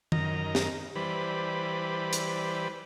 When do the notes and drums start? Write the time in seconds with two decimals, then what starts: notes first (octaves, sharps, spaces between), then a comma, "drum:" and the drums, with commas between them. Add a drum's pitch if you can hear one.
0.12 F#2 D#3 A#4 D#5 A#5, drum: tom
0.55 drum: snare
0.96 E3 G3 B4 C5 D5 B5
2.13 drum: hi-hat